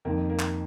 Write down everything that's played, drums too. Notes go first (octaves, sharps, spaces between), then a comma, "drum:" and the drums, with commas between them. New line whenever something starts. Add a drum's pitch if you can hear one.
F2 D#3 A#3
A#3
drum: clap